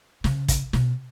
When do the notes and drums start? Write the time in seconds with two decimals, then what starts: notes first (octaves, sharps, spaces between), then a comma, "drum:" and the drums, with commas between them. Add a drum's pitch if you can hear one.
0.24 C#3, drum: snare
0.48 drum: kick, hi-hat
0.73 B2, drum: snare